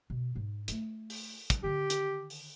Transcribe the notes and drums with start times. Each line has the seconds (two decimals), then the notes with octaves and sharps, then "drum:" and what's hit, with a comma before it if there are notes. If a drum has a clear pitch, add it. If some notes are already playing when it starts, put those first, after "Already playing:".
0.10 B2
0.35 G#2 D#4
0.68 A3 F4, drum: hi-hat
1.10 drum: open hi-hat
1.50 drum: kick, hi-hat
1.64 D3 D#3 G4
1.90 drum: hi-hat
2.30 drum: open hi-hat